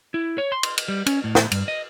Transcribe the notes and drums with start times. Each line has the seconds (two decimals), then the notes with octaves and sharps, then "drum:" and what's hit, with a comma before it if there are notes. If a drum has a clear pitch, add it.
0.14 E4
0.38 C#5
0.52 C6
0.63 drum: cymbal
0.78 drum: cymbal
0.88 G3
1.06 C#4, drum: cymbal
1.24 A2
1.35 drum: snare
1.51 G2, drum: cymbal
1.68 D#5